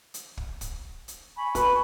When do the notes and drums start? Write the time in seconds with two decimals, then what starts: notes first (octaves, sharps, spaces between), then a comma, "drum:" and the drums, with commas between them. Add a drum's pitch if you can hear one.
0.14 drum: hi-hat
0.37 drum: kick
0.61 drum: kick, hi-hat
1.08 drum: hi-hat
1.36 G#5 B5 C#6
1.55 B4, drum: kick, hi-hat